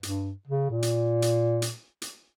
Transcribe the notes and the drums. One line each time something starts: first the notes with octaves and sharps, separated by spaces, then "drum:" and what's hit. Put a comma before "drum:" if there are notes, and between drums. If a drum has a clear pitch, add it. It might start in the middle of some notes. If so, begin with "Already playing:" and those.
G2, drum: hi-hat
C#3
A#2
drum: hi-hat
drum: hi-hat
drum: hi-hat
drum: hi-hat